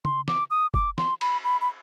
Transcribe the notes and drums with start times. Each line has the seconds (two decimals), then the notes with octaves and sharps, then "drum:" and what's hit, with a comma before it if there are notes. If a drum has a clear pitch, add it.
0.05 C6, drum: tom
0.28 D6, drum: snare
0.50 D#6
0.74 D6, drum: kick F#1
0.98 C6, drum: snare
1.21 B5, drum: cymbal
1.44 B5
1.61 B5